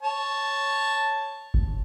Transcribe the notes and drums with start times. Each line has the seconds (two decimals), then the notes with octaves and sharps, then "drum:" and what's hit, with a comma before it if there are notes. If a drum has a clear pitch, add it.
0.03 C#5 A5
1.54 drum: kick G1